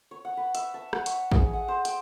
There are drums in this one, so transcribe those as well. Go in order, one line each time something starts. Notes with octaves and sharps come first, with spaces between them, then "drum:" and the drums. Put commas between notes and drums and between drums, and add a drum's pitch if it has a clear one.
C#5
F#5
B4
E5, drum: hi-hat
A5
F#5, drum: rim click
C#5, drum: hi-hat
G#4, drum: kick
F#5
C5
G5, drum: hi-hat